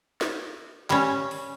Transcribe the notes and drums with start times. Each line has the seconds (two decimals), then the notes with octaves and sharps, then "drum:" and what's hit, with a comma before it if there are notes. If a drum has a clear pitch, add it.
0.21 drum: snare
0.90 G3 C#4, drum: clap
1.31 drum: open hi-hat